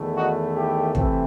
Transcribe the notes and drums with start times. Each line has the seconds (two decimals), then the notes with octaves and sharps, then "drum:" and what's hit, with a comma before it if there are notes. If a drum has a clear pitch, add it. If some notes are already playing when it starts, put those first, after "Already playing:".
Already playing: E2 D#3 A3
0.17 D#4 F#4
0.55 E4 G4
0.95 C3 E3 A3 C4, drum: kick